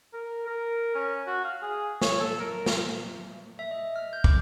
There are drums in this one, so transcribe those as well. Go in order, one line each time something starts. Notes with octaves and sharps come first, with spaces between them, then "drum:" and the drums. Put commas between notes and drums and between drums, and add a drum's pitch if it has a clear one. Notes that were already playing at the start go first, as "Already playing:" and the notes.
A#4
A#4
C#4
F#4
F5
G#4
C#5, drum: snare
A4
A#4
drum: snare
E5
D#5
F6
G6
D6, drum: kick